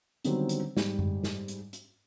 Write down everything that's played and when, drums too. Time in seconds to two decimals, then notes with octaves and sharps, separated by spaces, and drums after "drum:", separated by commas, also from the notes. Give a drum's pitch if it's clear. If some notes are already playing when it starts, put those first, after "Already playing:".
0.25 D3 D#3 F#3 G3 B3 C4, drum: hi-hat
0.49 drum: hi-hat
0.77 G#2 G3, drum: snare
0.99 drum: tom F#2
1.24 drum: snare
1.48 drum: hi-hat
1.73 drum: hi-hat